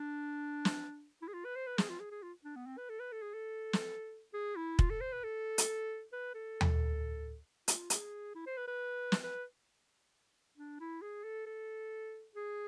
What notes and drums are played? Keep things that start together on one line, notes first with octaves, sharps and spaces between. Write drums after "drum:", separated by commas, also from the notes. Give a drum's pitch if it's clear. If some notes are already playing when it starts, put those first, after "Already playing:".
Already playing: D4
drum: snare
E4
G#4
F4
B4
C5
B4
G#4, drum: snare
F4
G#4
G#4
F4
D4
B3
C4
B4
A4
B4
A4
G#4
A4
drum: snare
G#4
E4
F4, drum: kick
A4
C5
B4
A4
drum: hi-hat
B4
A4
drum: tom D#2
F4, drum: hi-hat
G#4, drum: hi-hat
E4
C5
B4
B4
drum: snare
B4
D4
E4
G#4
A4
A4
G#4